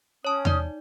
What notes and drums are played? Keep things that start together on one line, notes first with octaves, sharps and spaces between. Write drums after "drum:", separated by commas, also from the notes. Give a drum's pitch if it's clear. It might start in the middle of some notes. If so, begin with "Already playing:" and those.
C#4 C#5 A5 D#6
D#4 D5, drum: tom E2